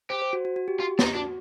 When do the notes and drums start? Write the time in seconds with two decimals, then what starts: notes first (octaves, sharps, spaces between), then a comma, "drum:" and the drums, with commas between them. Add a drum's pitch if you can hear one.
0.10 G4 C5
0.22 C5
0.33 F#4
0.45 F#4
0.56 F#4
0.68 G4
0.80 F4
0.99 D4, drum: snare
1.04 D#4
1.14 D4 F#4